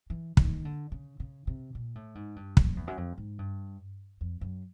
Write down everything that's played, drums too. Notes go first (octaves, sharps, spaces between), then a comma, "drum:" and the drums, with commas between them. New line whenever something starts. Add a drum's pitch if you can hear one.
E3
D#3, drum: kick
D3
C#3
C#3
C3
A#2
A2
G#2
G2
F#2, drum: kick
E2
F#2
F2
G#2
G2
F2
F#2